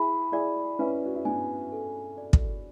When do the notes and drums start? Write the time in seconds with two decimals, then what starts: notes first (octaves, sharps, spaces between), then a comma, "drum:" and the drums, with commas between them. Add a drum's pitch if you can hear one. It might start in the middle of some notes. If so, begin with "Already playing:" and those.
Already playing: E4 G#4 B5
0.32 E4 G#4 D5
0.79 C#4 E4 B4
1.06 F#4
1.15 E4
1.25 B3 D4 G#5
1.72 A4
2.18 D5
2.33 drum: kick